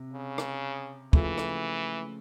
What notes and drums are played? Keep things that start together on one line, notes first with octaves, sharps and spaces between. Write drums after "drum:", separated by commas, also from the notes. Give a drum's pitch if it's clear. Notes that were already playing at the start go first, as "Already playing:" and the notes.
Already playing: C3
C#3
drum: rim click
C#3 E3 F3 A3, drum: kick
drum: rim click